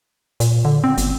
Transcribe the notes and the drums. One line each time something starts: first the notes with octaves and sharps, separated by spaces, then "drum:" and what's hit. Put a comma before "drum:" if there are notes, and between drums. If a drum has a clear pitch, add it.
A#2, drum: hi-hat
D3
C4
G1, drum: hi-hat